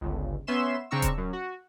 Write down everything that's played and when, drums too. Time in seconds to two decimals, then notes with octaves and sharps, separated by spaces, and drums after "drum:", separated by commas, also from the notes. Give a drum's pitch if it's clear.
0.01 G1 C#2
0.47 B3 C#4 E5 C6 E7
0.91 C#3 C4 D4 A#5 C#6 E6
1.02 drum: kick D#1, hi-hat
1.18 F#2
1.33 F#4